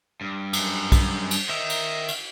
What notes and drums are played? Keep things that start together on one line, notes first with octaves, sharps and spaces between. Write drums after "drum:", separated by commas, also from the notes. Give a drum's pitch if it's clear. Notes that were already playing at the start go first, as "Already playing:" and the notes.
G2
F#2, drum: cymbal
drum: kick, cymbal
drum: cymbal
D#3 E5
drum: cymbal
drum: cymbal